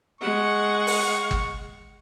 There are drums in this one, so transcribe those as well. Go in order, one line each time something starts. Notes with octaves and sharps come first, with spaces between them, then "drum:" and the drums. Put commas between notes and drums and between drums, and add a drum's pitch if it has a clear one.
G#3 F#5 C#6
drum: open hi-hat
drum: kick